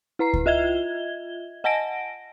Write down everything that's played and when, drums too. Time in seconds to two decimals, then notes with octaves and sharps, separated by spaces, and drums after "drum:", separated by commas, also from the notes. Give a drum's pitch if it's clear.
0.19 E4 B4 A#5 C7
0.33 drum: kick C#2
0.46 F4 D#5 E5 G#6 G7
1.64 D#5 F#5 G#5 A5 A#6 D7